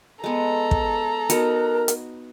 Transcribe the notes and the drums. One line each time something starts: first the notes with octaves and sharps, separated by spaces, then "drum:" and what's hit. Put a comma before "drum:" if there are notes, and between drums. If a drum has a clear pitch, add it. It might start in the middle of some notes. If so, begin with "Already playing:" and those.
G#3 B3 A4 A#5
drum: kick
B3 D#4 F#4 A#4, drum: hi-hat
drum: hi-hat